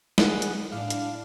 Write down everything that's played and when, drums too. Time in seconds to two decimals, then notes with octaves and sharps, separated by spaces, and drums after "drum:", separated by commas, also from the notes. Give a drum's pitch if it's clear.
0.18 G#4 F#5, drum: snare
0.42 drum: hi-hat
0.72 A2 D4 F5
0.90 drum: hi-hat